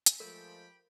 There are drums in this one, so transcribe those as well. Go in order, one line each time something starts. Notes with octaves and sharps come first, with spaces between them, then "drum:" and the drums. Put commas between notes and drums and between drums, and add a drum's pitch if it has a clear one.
drum: hi-hat
F3 G#3 A3 G4 A#4 G5 B5